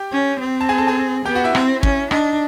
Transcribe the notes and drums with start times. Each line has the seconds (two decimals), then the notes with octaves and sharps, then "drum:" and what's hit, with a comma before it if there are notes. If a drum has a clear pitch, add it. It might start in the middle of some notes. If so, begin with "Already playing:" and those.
Already playing: G4 G5
0.12 C#4
0.40 C4
0.61 A5
0.69 G#4 G#5
0.78 A4 A5
0.87 G#4 G#5
1.25 B3 G4 G5
1.35 F#4 F#5
1.44 E4 E5
1.55 C4, drum: rim click
1.83 C#4, drum: kick
2.11 D4 D#4 D#5, drum: rim click